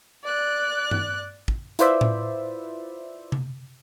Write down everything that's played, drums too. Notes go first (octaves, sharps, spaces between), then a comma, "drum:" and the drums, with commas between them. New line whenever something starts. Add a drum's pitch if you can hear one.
D5 F#6
drum: tom G2
drum: kick
E4 F4 B4 C5 D5 E5, drum: hi-hat
drum: tom A2
drum: tom C3